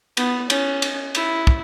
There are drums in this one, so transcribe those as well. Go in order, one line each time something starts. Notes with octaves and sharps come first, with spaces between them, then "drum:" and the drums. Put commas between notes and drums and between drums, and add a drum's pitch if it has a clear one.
B3, drum: cymbal
C#4, drum: cymbal
drum: cymbal
E4, drum: cymbal
drum: kick